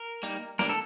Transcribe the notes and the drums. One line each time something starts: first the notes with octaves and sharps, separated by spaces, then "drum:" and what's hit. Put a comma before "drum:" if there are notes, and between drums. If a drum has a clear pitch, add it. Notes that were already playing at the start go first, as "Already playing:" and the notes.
Already playing: A#4
G3 A#3 D#4, drum: hi-hat
G3 A#3 D4 A#4, drum: snare
A4